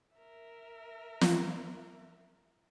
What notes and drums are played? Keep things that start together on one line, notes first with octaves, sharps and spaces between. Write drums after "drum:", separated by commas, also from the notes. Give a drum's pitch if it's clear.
A#4 E5
drum: snare